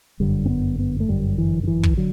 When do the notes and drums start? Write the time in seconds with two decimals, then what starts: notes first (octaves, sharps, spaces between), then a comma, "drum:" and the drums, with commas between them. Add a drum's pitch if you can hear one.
0.20 G1 F#2 D3 G3
0.46 C4
0.49 B3
0.79 B3
1.00 A3
1.08 G1 F#2 D3 G3
1.38 E3
1.63 D3
1.67 E3
1.83 drum: kick
1.97 D3 F#3